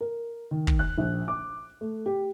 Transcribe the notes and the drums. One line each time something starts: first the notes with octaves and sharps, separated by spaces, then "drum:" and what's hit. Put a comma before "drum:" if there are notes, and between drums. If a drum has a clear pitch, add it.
A#4
D#3
drum: kick
F#6
A#1
D6
A3
G4